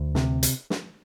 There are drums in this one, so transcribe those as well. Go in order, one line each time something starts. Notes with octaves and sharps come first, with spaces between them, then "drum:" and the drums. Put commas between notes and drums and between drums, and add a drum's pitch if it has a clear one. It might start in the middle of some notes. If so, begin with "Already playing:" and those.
Already playing: D2
C3, drum: snare
drum: hi-hat
drum: snare